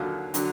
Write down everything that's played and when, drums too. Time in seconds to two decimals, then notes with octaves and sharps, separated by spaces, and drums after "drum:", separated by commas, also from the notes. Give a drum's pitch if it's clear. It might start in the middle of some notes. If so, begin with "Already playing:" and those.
Already playing: D#2 D3 F#3 F4
0.34 D3 F#3, drum: hi-hat